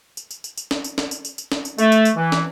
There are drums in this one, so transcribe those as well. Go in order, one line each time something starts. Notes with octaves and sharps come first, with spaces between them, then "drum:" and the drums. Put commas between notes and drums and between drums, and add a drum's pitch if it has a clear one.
drum: tambourine
drum: tambourine
drum: tambourine
drum: tambourine
drum: snare
drum: tambourine
drum: snare
drum: tambourine
drum: tambourine
drum: tambourine
drum: snare
drum: tambourine
A3, drum: tambourine
drum: tambourine
drum: tambourine
E3
drum: snare